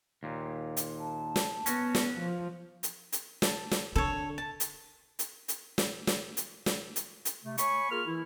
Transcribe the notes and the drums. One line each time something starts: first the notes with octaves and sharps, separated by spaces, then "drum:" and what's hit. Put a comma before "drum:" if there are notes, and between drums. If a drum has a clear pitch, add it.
D#2 A#2
drum: hi-hat
A5
drum: snare
B3 C#4 F#4, drum: hi-hat
drum: snare
F3
drum: hi-hat
drum: hi-hat
A5, drum: snare
drum: snare
D3 A4 C#5
A5
drum: hi-hat
drum: hi-hat
drum: hi-hat
drum: snare
drum: snare
drum: hi-hat
drum: snare
drum: hi-hat
drum: hi-hat
C3 A3
C#5 G#5 B5 C#6, drum: hi-hat
A#3 F4 G#4 A#4 F6
E3 E4